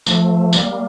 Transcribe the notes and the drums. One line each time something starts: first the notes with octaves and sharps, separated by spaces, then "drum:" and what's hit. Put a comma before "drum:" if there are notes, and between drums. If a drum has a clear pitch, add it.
F3 A3, drum: tambourine
G3 A#3, drum: tambourine